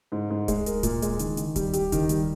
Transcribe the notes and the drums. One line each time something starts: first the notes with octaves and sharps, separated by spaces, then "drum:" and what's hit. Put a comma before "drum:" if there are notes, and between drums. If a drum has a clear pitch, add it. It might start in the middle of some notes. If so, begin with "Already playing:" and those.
G#2
G#2
G#3, drum: kick D1, hi-hat
A#4, drum: hi-hat
A#2, drum: kick D1, hi-hat
G#3, drum: hi-hat
D#3, drum: hi-hat
D#3, drum: hi-hat
G3, drum: kick D1, hi-hat
G4, drum: hi-hat
D#3, drum: kick D1, hi-hat
G3, drum: hi-hat